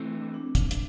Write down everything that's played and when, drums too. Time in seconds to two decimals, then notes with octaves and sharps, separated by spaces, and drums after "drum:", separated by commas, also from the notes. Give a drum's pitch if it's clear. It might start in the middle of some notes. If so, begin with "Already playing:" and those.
Already playing: E3 A3 C4
0.13 D4
0.34 D4
0.55 drum: kick, hi-hat
0.71 drum: hi-hat